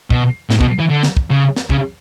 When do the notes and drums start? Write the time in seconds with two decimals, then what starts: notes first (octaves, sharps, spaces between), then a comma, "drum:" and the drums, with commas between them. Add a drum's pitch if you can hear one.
0.10 B2, drum: kick
0.50 A2, drum: snare
0.61 B2, drum: kick
0.80 E3
0.90 D3
1.03 drum: snare
1.17 drum: kick
1.30 C#3
1.56 drum: snare
1.70 C#3, drum: kick